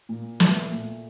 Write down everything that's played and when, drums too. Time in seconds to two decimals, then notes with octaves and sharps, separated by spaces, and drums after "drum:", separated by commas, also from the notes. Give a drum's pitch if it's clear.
0.09 A#2
0.40 A3, drum: snare
0.71 A#2